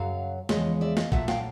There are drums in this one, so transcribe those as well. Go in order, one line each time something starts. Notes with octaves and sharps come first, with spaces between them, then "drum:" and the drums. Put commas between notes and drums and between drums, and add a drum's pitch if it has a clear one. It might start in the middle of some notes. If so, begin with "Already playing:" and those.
Already playing: F#2 C#3 F#3 F5
E2 C#3 F3 G#3 C#5 D#5, drum: snare
D5 E5
D#5 F5, drum: snare
A#2 F#3 A3 E5 F#5, drum: kick
F5 G5, drum: snare